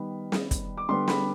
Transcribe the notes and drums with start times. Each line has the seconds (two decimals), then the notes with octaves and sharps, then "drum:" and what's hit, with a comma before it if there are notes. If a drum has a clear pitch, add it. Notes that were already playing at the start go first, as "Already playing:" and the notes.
Already playing: D#3 G3 B3 B5
0.32 drum: snare
0.51 drum: kick, hi-hat
0.77 D6
0.89 D3 G3 B3 C6
1.08 B5, drum: snare